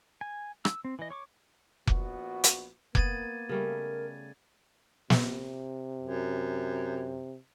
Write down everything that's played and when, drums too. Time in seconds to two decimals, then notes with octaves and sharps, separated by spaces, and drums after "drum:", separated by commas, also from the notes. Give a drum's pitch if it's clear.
0.21 G#5
0.65 E6, drum: rim click
0.85 C4
0.99 E3 D#5
1.10 C#5 C#6 D6
1.88 A#1 B3 F#4, drum: kick F1
2.44 drum: hi-hat
2.95 A#3 B3 G#6 A6 D#7, drum: kick F1
3.49 C#3 G3 A3 A#4
5.10 C3, drum: snare
6.01 F#2